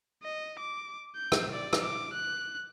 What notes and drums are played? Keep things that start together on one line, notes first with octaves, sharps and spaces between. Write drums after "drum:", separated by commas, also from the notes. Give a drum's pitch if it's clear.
D#5
D6
G6
drum: rim click
D5
drum: rim click
D6
F#6